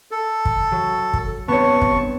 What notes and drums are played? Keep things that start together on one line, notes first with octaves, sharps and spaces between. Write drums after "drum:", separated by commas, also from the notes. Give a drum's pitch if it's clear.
A4
drum: kick
F#3
drum: kick
G2 B3 C4 C#5 A5 C#6
drum: kick